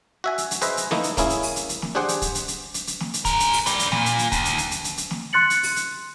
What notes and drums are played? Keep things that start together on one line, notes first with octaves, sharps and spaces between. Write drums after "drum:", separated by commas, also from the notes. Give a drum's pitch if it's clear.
F#4 E5 G#5
drum: hi-hat
drum: hi-hat
G#4 B4 C5 D#5 E5, drum: hi-hat
drum: hi-hat
E3 A3 A#3 D#4 E4, drum: snare
drum: hi-hat
A#3 C#4 E4 G#4, drum: kick, hi-hat
drum: hi-hat
drum: open hi-hat
drum: hi-hat
drum: hi-hat
drum: snare
D4 G4 G#4 C5 F#5 G5
drum: hi-hat
drum: kick, hi-hat
drum: hi-hat
drum: hi-hat
drum: hi-hat
drum: hi-hat
drum: snare
drum: hi-hat
G#4 A#4, drum: kick, hi-hat
drum: hi-hat
drum: open hi-hat
B4 D5, drum: hi-hat
drum: hi-hat
A#2, drum: snare
drum: hi-hat
drum: hi-hat
D#2, drum: kick, hi-hat
drum: hi-hat
drum: hi-hat
drum: hi-hat
drum: hi-hat
drum: hi-hat
drum: snare
C6 F#6 A6 C#7 F#7
drum: hi-hat
drum: open hi-hat
drum: hi-hat